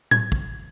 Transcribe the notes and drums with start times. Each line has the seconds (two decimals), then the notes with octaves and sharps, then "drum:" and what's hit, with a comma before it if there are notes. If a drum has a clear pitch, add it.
0.11 G#6, drum: tom A2
0.32 drum: kick